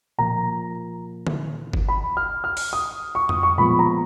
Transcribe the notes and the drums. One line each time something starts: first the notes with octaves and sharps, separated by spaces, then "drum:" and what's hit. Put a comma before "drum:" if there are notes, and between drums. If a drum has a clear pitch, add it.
A#2 F3 A#3 A#5
drum: tom D3
drum: kick G1
B5
F6
F6
drum: open hi-hat
D#6
C#6
D#6, drum: tom F2
C#6
A#2 F3 G#3 B3 B5
A#5